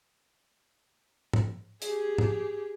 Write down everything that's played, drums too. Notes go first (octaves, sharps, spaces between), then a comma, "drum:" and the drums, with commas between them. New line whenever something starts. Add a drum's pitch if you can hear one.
drum: tom
G4 G#4, drum: hi-hat
drum: tom